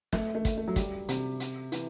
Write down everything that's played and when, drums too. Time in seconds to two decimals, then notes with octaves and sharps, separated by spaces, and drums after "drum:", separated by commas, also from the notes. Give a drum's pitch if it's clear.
0.13 A3, drum: snare
0.35 A3
0.45 drum: kick, hi-hat
0.57 A3
0.68 F#3
0.76 G3, drum: kick, hi-hat
1.09 C3, drum: hi-hat
1.40 drum: hi-hat
1.72 E3, drum: hi-hat